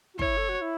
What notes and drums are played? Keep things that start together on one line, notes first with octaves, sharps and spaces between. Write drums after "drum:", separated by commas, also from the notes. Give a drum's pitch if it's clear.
F#4
E4 C#5, drum: kick
A4
F#4
E4